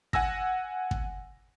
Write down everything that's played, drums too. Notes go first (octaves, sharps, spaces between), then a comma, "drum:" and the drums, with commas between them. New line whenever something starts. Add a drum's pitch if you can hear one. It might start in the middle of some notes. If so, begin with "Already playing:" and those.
F#5 G#5 E6 A#6, drum: kick
drum: kick